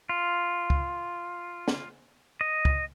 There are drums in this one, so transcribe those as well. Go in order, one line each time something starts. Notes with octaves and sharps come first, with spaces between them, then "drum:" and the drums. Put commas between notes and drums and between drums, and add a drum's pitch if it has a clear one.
F4
drum: kick
drum: snare
D#5
drum: kick